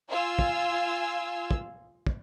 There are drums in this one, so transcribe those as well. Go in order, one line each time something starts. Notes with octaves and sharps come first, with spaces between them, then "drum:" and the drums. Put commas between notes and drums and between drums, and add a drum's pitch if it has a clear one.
F4 F5 G#5 C6 E6
drum: kick
drum: kick
drum: kick